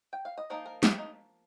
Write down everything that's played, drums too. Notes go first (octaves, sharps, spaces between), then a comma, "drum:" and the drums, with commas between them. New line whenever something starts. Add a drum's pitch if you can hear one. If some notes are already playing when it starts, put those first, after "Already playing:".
G5
F5
D#5
F3 A#3 D#4 C5
A#4
G4, drum: snare
D#4